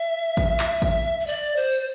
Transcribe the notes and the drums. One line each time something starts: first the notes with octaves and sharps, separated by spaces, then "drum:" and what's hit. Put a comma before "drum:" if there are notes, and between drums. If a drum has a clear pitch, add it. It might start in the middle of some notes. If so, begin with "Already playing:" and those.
Already playing: E5
drum: kick A1, tambourine
drum: clap
drum: kick A1, tambourine
E5
D5, drum: tambourine
C5
drum: tambourine